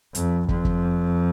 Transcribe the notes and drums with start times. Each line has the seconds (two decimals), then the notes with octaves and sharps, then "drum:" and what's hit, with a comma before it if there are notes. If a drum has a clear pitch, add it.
0.15 F2, drum: hi-hat
0.49 F2, drum: kick
0.65 drum: kick